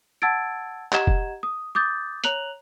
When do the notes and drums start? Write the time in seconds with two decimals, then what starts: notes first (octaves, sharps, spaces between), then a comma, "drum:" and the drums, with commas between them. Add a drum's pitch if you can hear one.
0.22 F#5 A5 E6 G#6 A6 D7
0.93 G4 D#5 F#5 A#5 G#6 E7, drum: clap
1.07 drum: kick F1
1.43 D#6
1.75 D6 D#6 G6 A6
2.24 C#5 A#5 F#6 F7 F#7, drum: hi-hat